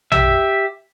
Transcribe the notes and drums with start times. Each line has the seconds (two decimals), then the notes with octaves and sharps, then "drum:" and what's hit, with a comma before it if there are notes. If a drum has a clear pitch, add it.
0.12 G4 E5, drum: tom A#1